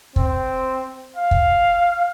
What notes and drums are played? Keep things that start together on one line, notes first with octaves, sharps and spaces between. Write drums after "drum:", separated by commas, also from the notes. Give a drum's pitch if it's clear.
C4, drum: kick
F5
drum: kick